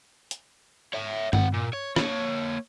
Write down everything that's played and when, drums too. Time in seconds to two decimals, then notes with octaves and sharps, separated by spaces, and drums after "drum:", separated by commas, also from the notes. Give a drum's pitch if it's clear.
0.31 drum: hi-hat
0.93 C#5 E5
1.33 C4 F#5, drum: tom G2
1.54 A#2
1.73 C#5
1.96 A#3 C#5, drum: rim click